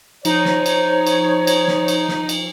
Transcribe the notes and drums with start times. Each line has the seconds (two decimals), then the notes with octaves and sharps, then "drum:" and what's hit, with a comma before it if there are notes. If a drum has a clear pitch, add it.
0.25 F3 D#4 C5 C#5, drum: cymbal
0.45 drum: snare
0.66 drum: cymbal
1.07 drum: cymbal
1.47 drum: cymbal
1.68 drum: snare
1.88 drum: cymbal
2.09 drum: snare
2.29 drum: cymbal